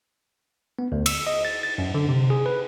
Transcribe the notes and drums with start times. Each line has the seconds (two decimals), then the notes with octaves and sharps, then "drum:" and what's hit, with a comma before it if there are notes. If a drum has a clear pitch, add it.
0.79 B3
0.92 D2
1.06 E6, drum: cymbal
1.27 D#5
1.45 A6
1.63 A6
1.78 F#2
1.94 D3
2.09 C3
2.30 G#4
2.46 B4